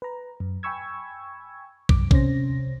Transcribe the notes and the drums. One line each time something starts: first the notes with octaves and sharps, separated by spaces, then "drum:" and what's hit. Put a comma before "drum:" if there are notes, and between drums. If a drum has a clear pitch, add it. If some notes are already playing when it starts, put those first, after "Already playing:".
B4 A#5
F#2
G5 G#5 B5 C#6 E6 G#6
C2 F#2 D6, drum: kick
C3 C#4 C5 A#6, drum: kick